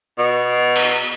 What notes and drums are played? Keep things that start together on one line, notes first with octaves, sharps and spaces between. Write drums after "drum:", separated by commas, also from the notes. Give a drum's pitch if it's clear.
B2
drum: cymbal